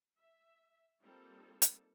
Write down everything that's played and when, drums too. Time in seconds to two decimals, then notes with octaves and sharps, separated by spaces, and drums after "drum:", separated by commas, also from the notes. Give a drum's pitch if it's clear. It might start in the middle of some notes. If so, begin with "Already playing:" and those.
0.19 E5
1.04 G3 A#3 C4 D#4 F4 A4
1.62 drum: hi-hat